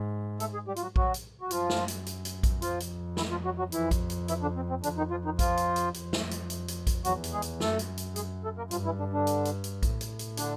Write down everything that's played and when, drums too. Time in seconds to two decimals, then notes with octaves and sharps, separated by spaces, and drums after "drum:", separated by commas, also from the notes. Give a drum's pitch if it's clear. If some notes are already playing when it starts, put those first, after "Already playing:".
Already playing: G#2
0.40 A3 A4, drum: hi-hat
0.53 G#3 G#4
0.68 G3 G4
0.76 F4, drum: hi-hat
0.82 F#3 F#4
0.96 F#3 F#4, drum: kick A#1
1.14 drum: hi-hat
1.41 F#4
1.51 F#2 F3 F4, drum: hi-hat
1.70 drum: snare
1.88 drum: hi-hat
2.06 drum: hi-hat
2.25 drum: hi-hat
2.43 drum: kick A#1, hi-hat
2.62 F2 F3 F4, drum: hi-hat
2.80 drum: hi-hat
3.17 E3 E4, drum: snare
3.31 F3 F4
3.45 F#3 F#4
3.59 F#3 F#4
3.72 F2 E3 E4, drum: hi-hat
3.91 drum: kick A#1, hi-hat
4.10 drum: hi-hat
4.28 E3 E4, drum: hi-hat
4.42 D3 D4
4.56 C4
4.70 C4
4.83 F2 D3 D4, drum: hi-hat
4.98 D#3 D#4
5.11 F3 F4
5.25 D#3 D#4
5.39 F3 F4, drum: kick A#1, hi-hat
5.57 drum: hi-hat
5.76 drum: hi-hat
5.94 F2, drum: hi-hat
6.13 drum: snare
6.31 drum: hi-hat
6.50 drum: hi-hat
6.68 drum: hi-hat
6.87 drum: kick A#1, hi-hat
7.05 E2 F#3 F#4, drum: hi-hat
7.24 drum: hi-hat
7.33 G#3 G#4
7.42 drum: hi-hat
7.60 F#2 A3 A4, drum: snare
7.79 drum: hi-hat
7.98 drum: hi-hat
8.16 G#3 G#4, drum: hi-hat
8.43 A3 A4
8.57 A#3 A#4
8.71 G2 F3 F4, drum: hi-hat
8.85 E3 E4
8.99 D3 D4
9.13 D3 D4
9.27 drum: hi-hat
9.45 drum: hi-hat
9.64 drum: hi-hat
9.83 A2, drum: kick A#1, hi-hat
10.01 drum: hi-hat
10.19 drum: hi-hat
10.37 D3 D4, drum: hi-hat